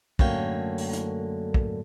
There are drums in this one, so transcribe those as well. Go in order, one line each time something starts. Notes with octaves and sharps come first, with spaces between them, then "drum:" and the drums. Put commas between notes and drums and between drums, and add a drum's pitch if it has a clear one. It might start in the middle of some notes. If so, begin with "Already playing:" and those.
F#2 D3 A3 A#3 C#5 G5, drum: kick
drum: open hi-hat
drum: hi-hat
drum: kick